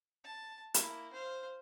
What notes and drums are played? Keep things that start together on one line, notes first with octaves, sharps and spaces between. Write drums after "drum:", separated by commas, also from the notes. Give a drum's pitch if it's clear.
A5
A#3 E4, drum: hi-hat
C5 F5